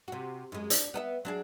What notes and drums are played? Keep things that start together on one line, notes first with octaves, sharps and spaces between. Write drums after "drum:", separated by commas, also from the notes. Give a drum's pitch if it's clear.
C3 F#4
F#2 G#3
D4, drum: hi-hat
B3 A4 E5
F#3 D4 G#4